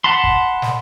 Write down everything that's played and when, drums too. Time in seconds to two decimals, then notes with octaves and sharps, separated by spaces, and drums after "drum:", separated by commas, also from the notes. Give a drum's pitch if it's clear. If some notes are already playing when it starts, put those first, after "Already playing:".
0.04 F#5 A5 B5 C6
0.24 drum: kick
0.62 drum: snare